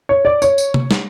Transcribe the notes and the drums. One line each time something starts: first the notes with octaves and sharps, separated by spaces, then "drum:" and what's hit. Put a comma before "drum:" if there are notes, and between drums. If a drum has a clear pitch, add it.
C#5
D5
C#5, drum: tambourine
drum: tambourine
drum: tom C3
drum: snare